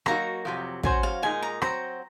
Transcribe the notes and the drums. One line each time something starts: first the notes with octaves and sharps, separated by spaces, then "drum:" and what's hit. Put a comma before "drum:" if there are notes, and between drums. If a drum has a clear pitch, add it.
F#3 A#3 D#4 F#4 A#5, drum: rim click
F2 C3 F#3
F#3 C#4 F#4 C5 G#5, drum: kick
F5
A#2 G#3 D#4 G#5
A#5
F#3 C4 F#4 C5 A#5, drum: rim click